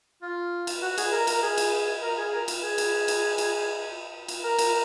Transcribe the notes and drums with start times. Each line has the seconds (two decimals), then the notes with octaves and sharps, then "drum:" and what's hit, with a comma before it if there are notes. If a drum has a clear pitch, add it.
0.22 F4
0.67 drum: cymbal
0.82 F#4
0.98 G#4, drum: cymbal
1.12 A#4
1.27 A#4, drum: cymbal
1.43 G#4
1.58 drum: cymbal
2.02 A#4
2.17 G#4
2.33 A#4
2.48 drum: cymbal
2.63 G#4
2.78 drum: cymbal
3.08 drum: cymbal
3.38 drum: cymbal
4.28 drum: cymbal
4.44 A#4
4.59 drum: cymbal